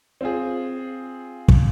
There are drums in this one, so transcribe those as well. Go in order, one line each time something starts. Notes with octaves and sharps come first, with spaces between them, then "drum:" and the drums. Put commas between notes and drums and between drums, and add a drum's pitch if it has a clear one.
C4 F4 G#4
drum: kick